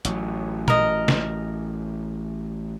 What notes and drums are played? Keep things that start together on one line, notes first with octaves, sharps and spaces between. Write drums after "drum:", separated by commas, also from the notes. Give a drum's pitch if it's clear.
A1 F#3, drum: hi-hat
A#4 D#5, drum: tom A#2
drum: snare